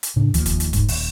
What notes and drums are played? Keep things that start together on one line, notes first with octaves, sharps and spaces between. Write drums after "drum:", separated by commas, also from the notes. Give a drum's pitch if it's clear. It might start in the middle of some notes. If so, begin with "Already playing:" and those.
drum: hi-hat
A2 C#3 D4
D#1 D#2 F3, drum: hi-hat
drum: kick, hi-hat
drum: hi-hat
G#2, drum: kick, hi-hat
D#1, drum: open hi-hat